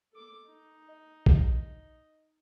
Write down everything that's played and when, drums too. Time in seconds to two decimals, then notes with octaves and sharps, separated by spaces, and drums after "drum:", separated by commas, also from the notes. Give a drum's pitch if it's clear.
0.13 A4 D6
0.47 D#4
0.89 D#5
1.26 drum: kick A#1